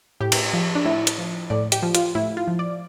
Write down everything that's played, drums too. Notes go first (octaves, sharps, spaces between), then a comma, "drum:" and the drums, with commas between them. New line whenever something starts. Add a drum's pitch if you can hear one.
A2 G4
drum: cymbal
F3
D4
A2 E4
drum: hi-hat
F3
A2 D5
G4, drum: hi-hat
F3
F4, drum: hi-hat
A2 E4
F4
F3
D5